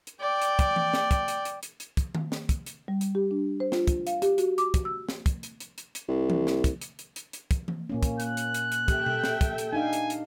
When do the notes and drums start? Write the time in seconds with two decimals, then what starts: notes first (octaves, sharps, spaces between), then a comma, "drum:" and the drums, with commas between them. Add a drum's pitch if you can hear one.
0.07 drum: hi-hat
0.21 D5 G5
0.42 drum: hi-hat
0.59 drum: kick, hi-hat
0.76 drum: tom E3
0.93 drum: snare
1.11 drum: kick, hi-hat
1.28 drum: hi-hat
1.45 drum: hi-hat
1.63 drum: hi-hat
1.80 drum: hi-hat
1.97 drum: kick, hi-hat
2.15 drum: tom D#3
2.32 drum: snare
2.49 drum: kick, hi-hat
2.66 drum: hi-hat
2.88 G3
3.01 drum: hi-hat
3.15 G4
3.31 D4
3.60 C5
3.72 F4, drum: snare
3.87 drum: kick, hi-hat
4.07 F5, drum: hi-hat
4.22 G4, drum: hi-hat
4.38 F#4, drum: hi-hat
4.58 D6, drum: hi-hat
4.74 drum: kick, hi-hat
4.85 E6
5.09 drum: snare
5.26 drum: kick, hi-hat
5.43 drum: hi-hat
5.60 drum: hi-hat
5.78 drum: hi-hat
5.95 drum: hi-hat
6.08 C2
6.30 drum: tom E3
6.47 drum: snare
6.64 drum: kick, hi-hat
6.81 drum: hi-hat
6.99 drum: hi-hat
7.16 drum: hi-hat
7.33 drum: hi-hat
7.51 drum: kick, hi-hat
7.68 drum: tom E3
7.89 A#2 A#3 C#4
8.03 drum: kick, hi-hat
8.20 F#6, drum: hi-hat
8.37 drum: hi-hat
8.54 drum: hi-hat
8.72 drum: hi-hat
8.88 G4 A4 E5 G5, drum: kick, hi-hat
9.06 drum: tom B2
9.24 drum: snare
9.41 drum: kick, hi-hat
9.58 drum: hi-hat
9.73 D4 D#4 F5 G#5
9.93 drum: hi-hat
10.10 drum: hi-hat